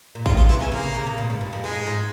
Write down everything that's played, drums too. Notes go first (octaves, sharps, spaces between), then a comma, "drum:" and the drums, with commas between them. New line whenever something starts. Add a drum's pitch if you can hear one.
A#2
C3 F4, drum: kick A1
C#3 F4
C3 E3 E4
C#3 C#4
C#3 A#3
C#3
C3
C#3
A#2
G#2
G2
F2
F2 G#3
G#2
G#2